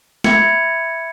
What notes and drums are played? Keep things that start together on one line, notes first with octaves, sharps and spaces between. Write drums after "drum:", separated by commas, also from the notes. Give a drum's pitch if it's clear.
E5 B5 G#6 C#7, drum: snare